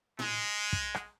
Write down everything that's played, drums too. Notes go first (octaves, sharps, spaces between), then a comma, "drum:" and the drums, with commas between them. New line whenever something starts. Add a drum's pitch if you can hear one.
G#3, drum: tom A2
drum: kick
drum: rim click